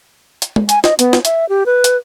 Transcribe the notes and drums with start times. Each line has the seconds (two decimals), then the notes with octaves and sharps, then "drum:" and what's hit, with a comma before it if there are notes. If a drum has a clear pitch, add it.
0.42 drum: hi-hat
0.56 drum: tom
0.69 G#5, drum: hi-hat
0.84 D#5, drum: snare
0.99 B3, drum: hi-hat
1.13 drum: snare
1.25 E5, drum: hi-hat
1.49 G4
1.66 B4
1.84 drum: hi-hat